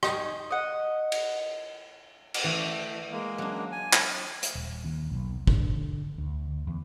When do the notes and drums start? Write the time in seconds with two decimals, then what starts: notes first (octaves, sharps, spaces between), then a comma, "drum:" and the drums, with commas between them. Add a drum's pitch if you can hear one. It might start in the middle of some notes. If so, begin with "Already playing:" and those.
0.03 D#4 G5 G#5 C#6, drum: rim click
0.51 D#5 F#5
1.12 drum: cymbal
2.34 drum: cymbal
2.44 E3 A3
3.11 G#3 A#3
3.38 F#3 D4
3.72 G#5
3.93 drum: clap
4.43 drum: hi-hat
4.55 D#1
4.85 D#2
5.10 B1
5.47 D3, drum: kick
6.18 D2
6.67 E2